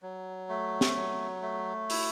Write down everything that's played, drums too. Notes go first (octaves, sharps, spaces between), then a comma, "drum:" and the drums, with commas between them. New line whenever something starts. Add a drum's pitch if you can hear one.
F#3
A3
drum: snare
F#3
A3
E4, drum: open hi-hat